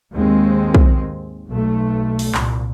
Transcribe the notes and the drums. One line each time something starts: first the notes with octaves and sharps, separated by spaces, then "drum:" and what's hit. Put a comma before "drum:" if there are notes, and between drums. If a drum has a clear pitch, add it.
D#2 G#2 D#3 G#3 C4
drum: kick
B1 A3
drum: open hi-hat
C2 A#2, drum: clap